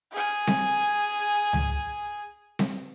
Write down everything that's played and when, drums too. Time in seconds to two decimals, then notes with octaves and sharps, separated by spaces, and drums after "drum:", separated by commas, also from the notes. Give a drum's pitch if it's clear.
0.12 G#4 G#5
0.47 drum: snare C4
1.53 drum: tom C#2
2.59 drum: snare C4